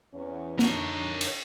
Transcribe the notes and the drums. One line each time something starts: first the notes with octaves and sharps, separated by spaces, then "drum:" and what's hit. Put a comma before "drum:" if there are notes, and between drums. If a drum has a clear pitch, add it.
E2 C#4
D3 D4 D#4 A#4 C#5, drum: snare
drum: cymbal